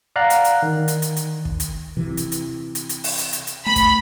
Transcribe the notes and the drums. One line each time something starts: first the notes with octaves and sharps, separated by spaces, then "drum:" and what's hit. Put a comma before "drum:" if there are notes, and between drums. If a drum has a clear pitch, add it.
D5 F5 F#5 A#5 F#6
drum: hi-hat
drum: hi-hat
D#3
drum: hi-hat
drum: hi-hat
drum: hi-hat
drum: kick
drum: hi-hat
C3 E3
drum: hi-hat
drum: hi-hat
drum: hi-hat
drum: hi-hat
drum: open hi-hat
drum: hi-hat
drum: hi-hat
drum: hi-hat
A3 B5
drum: kick, hi-hat